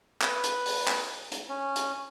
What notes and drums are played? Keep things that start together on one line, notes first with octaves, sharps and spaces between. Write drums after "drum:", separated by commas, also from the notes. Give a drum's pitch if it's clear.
B4, drum: clap
drum: hi-hat
drum: open hi-hat
drum: clap
drum: hi-hat
C#4
drum: hi-hat